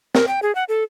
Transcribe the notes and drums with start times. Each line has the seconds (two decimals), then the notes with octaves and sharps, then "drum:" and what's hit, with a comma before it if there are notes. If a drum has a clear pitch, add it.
0.15 A#4, drum: snare
0.28 G5
0.42 G#4
0.55 F#5
0.69 A4